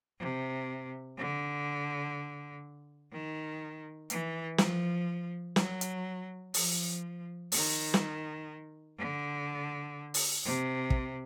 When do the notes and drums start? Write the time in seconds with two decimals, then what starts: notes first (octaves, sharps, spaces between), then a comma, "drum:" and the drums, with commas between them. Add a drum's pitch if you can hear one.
0.19 C3
1.17 D3
3.12 D#3
4.10 E3, drum: hi-hat
4.58 F3, drum: snare
5.56 F#3, drum: snare
5.81 drum: hi-hat
6.54 F3, drum: open hi-hat
7.52 D#3, drum: open hi-hat
7.94 drum: snare
8.98 D3
10.14 drum: open hi-hat
10.45 C3
10.90 drum: kick